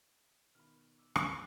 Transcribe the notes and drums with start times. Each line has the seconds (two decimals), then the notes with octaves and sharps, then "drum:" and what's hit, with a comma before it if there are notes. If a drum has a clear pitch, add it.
0.55 B2 D#3 B5 F6
0.98 D6 E6
1.16 A#4 C5 D#5, drum: rim click